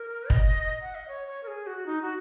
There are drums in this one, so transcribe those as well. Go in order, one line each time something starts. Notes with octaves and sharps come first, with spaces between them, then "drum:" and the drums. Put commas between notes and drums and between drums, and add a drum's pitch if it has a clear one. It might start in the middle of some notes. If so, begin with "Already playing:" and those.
Already playing: A#4
D#5, drum: kick
F#5
D#5
C#5
C#5
A#4
G#4
F#4
D#4
F#4